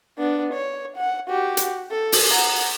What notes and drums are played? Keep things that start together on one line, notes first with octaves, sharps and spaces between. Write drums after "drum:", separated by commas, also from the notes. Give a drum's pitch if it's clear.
B3 D4
C#5
F#5
F#4 G4
drum: hi-hat
A4
drum: open hi-hat
F#5 A#5